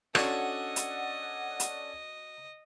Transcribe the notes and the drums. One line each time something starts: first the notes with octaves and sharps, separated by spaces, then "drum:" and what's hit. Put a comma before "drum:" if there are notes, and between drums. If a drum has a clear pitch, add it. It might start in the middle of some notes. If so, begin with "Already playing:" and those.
C#4 D4 F#4 A4 D#5 F#5, drum: rim click
drum: hi-hat
drum: hi-hat